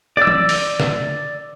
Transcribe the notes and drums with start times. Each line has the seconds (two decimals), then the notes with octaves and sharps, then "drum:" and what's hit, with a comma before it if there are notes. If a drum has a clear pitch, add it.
0.17 D5 E6
0.27 drum: tom E3
0.49 drum: open hi-hat
0.80 drum: snare